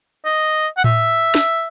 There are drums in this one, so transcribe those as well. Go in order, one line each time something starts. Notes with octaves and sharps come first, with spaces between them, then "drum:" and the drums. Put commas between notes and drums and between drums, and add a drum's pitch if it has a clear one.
D#5
F#5
E5, drum: tom A2
drum: snare